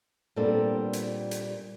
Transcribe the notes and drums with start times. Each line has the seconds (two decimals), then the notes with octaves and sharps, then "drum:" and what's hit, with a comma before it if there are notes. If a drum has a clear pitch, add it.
0.36 A#2 G3 B3 C4 D4 A4
0.93 drum: hi-hat
1.31 drum: hi-hat